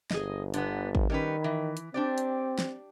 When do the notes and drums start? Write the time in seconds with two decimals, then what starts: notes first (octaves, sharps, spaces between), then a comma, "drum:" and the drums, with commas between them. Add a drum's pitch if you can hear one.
0.11 G1 G#4 D#5, drum: snare
0.54 D3 B3, drum: hi-hat
0.95 drum: kick A1
1.10 D#3 G3 C#4 B4
1.44 E3
1.77 drum: hi-hat
1.94 C4 D4 G4 D5
2.18 drum: hi-hat
2.59 drum: snare